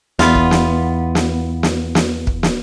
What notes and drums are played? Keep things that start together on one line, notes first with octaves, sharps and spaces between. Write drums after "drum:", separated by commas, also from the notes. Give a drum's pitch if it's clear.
E2 B3 F4, drum: snare
drum: kick
drum: snare
drum: snare
drum: snare
drum: snare
drum: kick
drum: snare